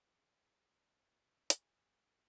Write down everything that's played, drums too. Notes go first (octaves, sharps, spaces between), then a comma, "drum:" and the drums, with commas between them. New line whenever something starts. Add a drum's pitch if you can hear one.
G#4
G#5, drum: hi-hat